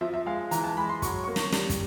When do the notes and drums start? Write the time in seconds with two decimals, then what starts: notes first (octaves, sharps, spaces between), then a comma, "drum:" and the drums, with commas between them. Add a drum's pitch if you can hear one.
0.01 F3 E5
0.14 E5
0.26 G#3 F5
0.51 E3 A#5, drum: hi-hat
0.64 A5
0.77 G#3 B5
0.89 C6
1.02 F#3 C#6, drum: kick, hi-hat
1.24 A#3 C#6
1.36 drum: snare
1.52 G3, drum: snare
1.70 drum: kick, hi-hat